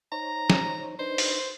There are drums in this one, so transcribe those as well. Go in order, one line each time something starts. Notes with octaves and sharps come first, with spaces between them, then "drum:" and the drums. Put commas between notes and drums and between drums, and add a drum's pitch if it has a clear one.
D#4 C5 C#5 A#5
drum: snare
D4 D#4 B4 C5
drum: open hi-hat